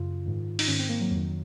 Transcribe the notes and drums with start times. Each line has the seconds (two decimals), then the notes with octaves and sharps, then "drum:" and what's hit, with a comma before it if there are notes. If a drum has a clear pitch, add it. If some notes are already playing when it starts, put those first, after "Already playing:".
Already playing: F#2 C#3 F4
0.26 G#2 D#3
0.59 D#4, drum: open hi-hat
0.68 G#2 D#3 C#4
0.79 C4
0.89 A#3
1.01 F#3
1.11 F2 D#3 F#3